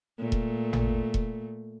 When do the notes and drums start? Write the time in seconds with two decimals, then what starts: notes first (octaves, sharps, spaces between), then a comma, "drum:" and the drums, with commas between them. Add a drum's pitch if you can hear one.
0.18 A#2 A3
0.32 drum: kick E1
0.73 drum: tom G#1
1.14 drum: kick E1